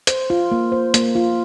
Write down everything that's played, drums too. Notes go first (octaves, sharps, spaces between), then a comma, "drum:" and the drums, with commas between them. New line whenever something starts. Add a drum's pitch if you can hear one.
C5, drum: hi-hat
F4
A#3
C5
A#3, drum: hi-hat
F4